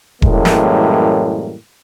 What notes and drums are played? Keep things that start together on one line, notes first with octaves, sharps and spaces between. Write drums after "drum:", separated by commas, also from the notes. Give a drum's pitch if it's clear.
F#2 A2 E3 G3 G#3 A#3, drum: kick E1
drum: snare